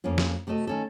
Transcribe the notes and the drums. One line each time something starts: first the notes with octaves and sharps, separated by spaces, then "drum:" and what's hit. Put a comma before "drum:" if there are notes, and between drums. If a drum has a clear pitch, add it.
F2 A#3 C#4 F4
drum: snare
C3 A3 F#4 A4 D#5
D#3 C#4 A4